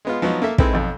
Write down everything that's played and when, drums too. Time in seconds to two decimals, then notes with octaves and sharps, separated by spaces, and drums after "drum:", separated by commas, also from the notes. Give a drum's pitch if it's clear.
0.05 G#3 B3 F4
0.22 F3 F#3 B3 D#4
0.42 A#3 A4 E5
0.58 G#3 C4 D#4 E4 A4 B4, drum: kick
0.73 B1 F2